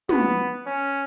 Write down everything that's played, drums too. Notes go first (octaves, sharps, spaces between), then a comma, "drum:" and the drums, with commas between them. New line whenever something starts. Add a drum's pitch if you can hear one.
B3, drum: tom
C#4